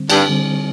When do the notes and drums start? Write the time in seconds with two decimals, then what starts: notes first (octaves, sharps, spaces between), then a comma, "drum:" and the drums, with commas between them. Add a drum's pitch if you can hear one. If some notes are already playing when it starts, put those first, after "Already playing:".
Already playing: D3 G3 C4
0.10 G2, drum: cymbal
0.29 D3 G3 C4